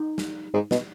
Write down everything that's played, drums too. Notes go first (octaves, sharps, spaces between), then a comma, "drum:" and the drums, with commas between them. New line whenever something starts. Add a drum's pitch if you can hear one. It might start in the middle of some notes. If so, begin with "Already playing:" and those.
Already playing: D#4
drum: snare
G#2
B2, drum: snare